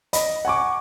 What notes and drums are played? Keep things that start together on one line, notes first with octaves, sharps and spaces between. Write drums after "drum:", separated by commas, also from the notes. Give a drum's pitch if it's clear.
D#5 B5, drum: hi-hat
F#5 G#5 C#6 D6